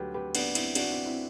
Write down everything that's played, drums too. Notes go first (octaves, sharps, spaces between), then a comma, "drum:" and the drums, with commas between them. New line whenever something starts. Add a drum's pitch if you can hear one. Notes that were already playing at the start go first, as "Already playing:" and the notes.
Already playing: D2 D3 F#3 G4 B4
G4 B4
B3 D4, drum: cymbal
C4 E4, drum: cymbal
D4 F#4, drum: cymbal
C4 E4
C4 E4